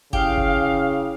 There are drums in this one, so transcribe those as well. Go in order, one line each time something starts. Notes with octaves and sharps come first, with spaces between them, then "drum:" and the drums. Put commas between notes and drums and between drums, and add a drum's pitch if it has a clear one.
C#3 E4 G4 F5 D#6, drum: kick F#1
drum: kick F#1